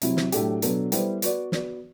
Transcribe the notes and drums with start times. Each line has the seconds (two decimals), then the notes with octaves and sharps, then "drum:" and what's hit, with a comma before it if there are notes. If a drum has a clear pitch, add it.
0.02 C3 F#3 C4 E4, drum: hi-hat
0.17 drum: snare
0.32 A2 F#3 A3 D4 G4, drum: hi-hat
0.62 B2 F#3 B3 D4 A4, drum: hi-hat
0.92 G3 B3 E4 A4 C5, drum: hi-hat
1.22 B3 F#4 B4 D5, drum: hi-hat
1.52 B3 F#4 B4 D5, drum: snare